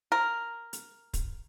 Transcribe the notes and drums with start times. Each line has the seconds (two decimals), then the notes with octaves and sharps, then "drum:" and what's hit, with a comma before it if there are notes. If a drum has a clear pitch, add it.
0.12 A#4
0.73 drum: hi-hat
1.14 drum: kick, hi-hat